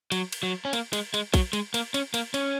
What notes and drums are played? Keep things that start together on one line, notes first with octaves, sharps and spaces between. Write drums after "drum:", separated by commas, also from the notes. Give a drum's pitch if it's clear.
F#3, drum: cymbal
drum: cymbal
F#3
C#4
A#3, drum: cymbal
G#3, drum: cymbal
G#3, drum: cymbal
F#3, drum: kick, cymbal
G#3, drum: cymbal
A#3, drum: cymbal
C#4, drum: cymbal
A#3, drum: cymbal
C#4, drum: cymbal